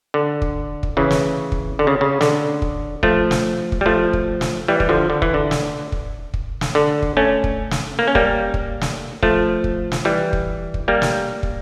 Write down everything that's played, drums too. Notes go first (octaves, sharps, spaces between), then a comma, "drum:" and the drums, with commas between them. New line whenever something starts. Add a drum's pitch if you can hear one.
D3
drum: kick
drum: kick
C#3 E3
drum: snare
drum: kick
D3
C#3
C#3
D3, drum: snare
drum: kick
F3 A3, drum: kick
drum: snare
drum: kick
G3
F3 A3
drum: kick
drum: snare
E3 G3
G3, drum: kick
D3 F3
D3
E3, drum: kick
D3
drum: snare
drum: kick
drum: kick
drum: snare
D3
drum: kick
A3 C#4
drum: kick
drum: snare
A#3
C#4
G3 A#3, drum: kick
drum: kick
drum: snare
F3 A3, drum: kick
drum: kick
drum: snare
E3 G3
drum: kick
drum: kick
G3 A#3
drum: snare
drum: kick